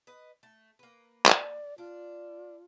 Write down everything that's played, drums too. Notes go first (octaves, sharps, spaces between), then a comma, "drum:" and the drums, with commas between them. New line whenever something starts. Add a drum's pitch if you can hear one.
B4 D#5
A3
A#3 B4
D5, drum: clap
D4 F4